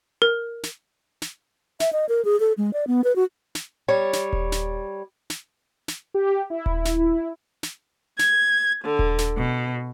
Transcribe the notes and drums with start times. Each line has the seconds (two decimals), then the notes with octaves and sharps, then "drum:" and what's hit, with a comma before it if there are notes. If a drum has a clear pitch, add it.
0.22 A#4
0.63 drum: snare
1.22 drum: snare
1.80 E5, drum: snare
1.93 D#5
2.09 A#4
2.25 G#4
2.40 A4
2.57 G#3
2.73 D5
2.87 B3
3.04 B4
3.16 F#4
3.55 drum: snare
3.88 G3 C#5
4.13 drum: snare
4.33 drum: kick D#1
4.52 drum: snare
5.30 drum: snare
5.88 drum: snare
6.14 G4
6.50 E4
6.66 drum: kick D#1
6.85 drum: snare
7.63 drum: snare
8.19 G#6, drum: snare
8.84 D3
8.99 drum: kick D#1
9.18 drum: snare
9.37 B2